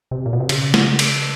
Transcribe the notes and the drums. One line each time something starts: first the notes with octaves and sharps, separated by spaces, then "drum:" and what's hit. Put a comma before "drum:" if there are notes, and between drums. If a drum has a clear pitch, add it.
C3
A#2
B2
C3
C#3, drum: cymbal
drum: snare
drum: cymbal